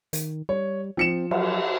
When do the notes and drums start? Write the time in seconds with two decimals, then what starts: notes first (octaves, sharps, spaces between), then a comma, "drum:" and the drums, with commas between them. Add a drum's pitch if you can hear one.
0.13 D#3, drum: hi-hat
0.49 G3 C#5
0.97 F3 C4 C#7 E7
1.31 F#3, drum: cymbal